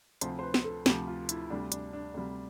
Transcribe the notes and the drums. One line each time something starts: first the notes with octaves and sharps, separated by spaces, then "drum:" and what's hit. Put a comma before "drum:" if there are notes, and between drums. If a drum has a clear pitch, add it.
D2 C3 F3 C5, drum: hi-hat
C5
B4
drum: snare
A4
D2 C3 F3 G4, drum: snare
F4
E4, drum: hi-hat
D2 C3 G3 D4
D4, drum: hi-hat
D4
D2 C3 G3